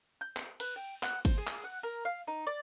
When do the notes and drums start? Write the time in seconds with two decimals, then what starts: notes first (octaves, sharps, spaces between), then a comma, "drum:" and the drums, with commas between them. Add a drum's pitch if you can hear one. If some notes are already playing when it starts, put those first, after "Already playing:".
0.21 G6
0.37 drum: clap
0.60 B4, drum: cymbal
0.76 G5
1.03 F#5, drum: clap
1.25 C5, drum: kick, cymbal
1.38 G#4
1.47 drum: clap
1.64 F#5
1.83 A#4
2.05 F5
2.27 D#4
2.47 D5